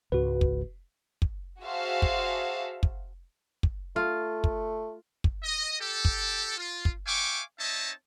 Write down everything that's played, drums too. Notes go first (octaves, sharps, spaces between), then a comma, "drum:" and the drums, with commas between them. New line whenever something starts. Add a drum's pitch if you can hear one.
C#2 G#2 C#3 F#4 B4
drum: kick
drum: kick
F#4 G#4 C5 E5 F5 A5
drum: kick
drum: kick
drum: kick
A3 F4
drum: kick
drum: kick
D#5
G4 A4
drum: kick
F4
drum: kick
E5 F5 G5 G#5 C#6 D6
C4 D#4 C#5 D#5 E5 A5